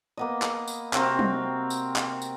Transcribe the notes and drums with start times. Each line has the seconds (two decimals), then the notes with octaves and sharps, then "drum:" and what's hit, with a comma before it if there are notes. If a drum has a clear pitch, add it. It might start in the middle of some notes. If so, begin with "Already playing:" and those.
0.17 A#3 B3 D#5
0.42 drum: clap
0.68 drum: tambourine
0.93 C3 C4 F#4 A#4, drum: clap
1.19 drum: tom F#3
1.70 drum: tambourine
1.96 drum: clap
2.22 drum: tambourine